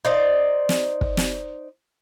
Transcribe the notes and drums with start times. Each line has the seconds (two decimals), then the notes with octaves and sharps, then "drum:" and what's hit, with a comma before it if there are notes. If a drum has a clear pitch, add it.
0.05 D#4 C5 D5
0.69 drum: snare
1.01 drum: kick
1.17 drum: snare